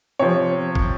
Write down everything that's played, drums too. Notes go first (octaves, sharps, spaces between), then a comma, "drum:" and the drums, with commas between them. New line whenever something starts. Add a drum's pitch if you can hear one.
C3 F3 C#5
drum: kick